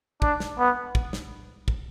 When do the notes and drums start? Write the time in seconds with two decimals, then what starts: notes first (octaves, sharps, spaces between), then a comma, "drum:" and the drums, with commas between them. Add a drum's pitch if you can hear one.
0.22 D4, drum: kick
0.40 drum: snare
0.59 B3
0.95 drum: kick
1.13 drum: snare
1.68 drum: kick